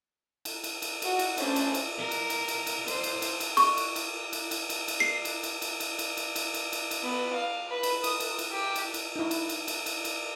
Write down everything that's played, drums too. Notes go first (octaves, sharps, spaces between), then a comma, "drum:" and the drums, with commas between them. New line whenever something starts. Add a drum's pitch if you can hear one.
drum: cymbal
drum: cymbal
drum: cymbal
F#4, drum: cymbal
drum: cymbal
A3 C#4 D4 E4 C5 A5, drum: cymbal
drum: cymbal
drum: cymbal
A#4
drum: cymbal
drum: cymbal
drum: cymbal
drum: cymbal
C5, drum: cymbal
drum: cymbal
drum: cymbal
drum: cymbal
C#6, drum: cymbal
drum: cymbal
drum: cymbal
drum: cymbal
drum: cymbal
drum: cymbal
drum: cymbal
C7
drum: cymbal
drum: cymbal
drum: cymbal
drum: cymbal
drum: cymbal
drum: cymbal
drum: cymbal
drum: cymbal
drum: cymbal
drum: cymbal
B3
F5
B4
drum: cymbal
D#6, drum: cymbal
drum: cymbal
drum: cymbal
G4
drum: cymbal
drum: cymbal
D#4 E4
drum: cymbal
drum: cymbal
drum: cymbal
drum: cymbal
drum: cymbal